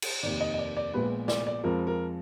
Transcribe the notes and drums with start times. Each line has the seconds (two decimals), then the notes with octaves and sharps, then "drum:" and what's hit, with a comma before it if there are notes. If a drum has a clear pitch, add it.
0.02 drum: cymbal
0.23 F1 D#2 D#3 D5
0.41 D#5
0.54 D#5
0.58 D5
0.77 D5
0.93 A#1 A#2 G#3 B3 B4
1.28 D5, drum: snare
1.47 D5
1.64 F2 F3 G#3 A#4
1.87 A#4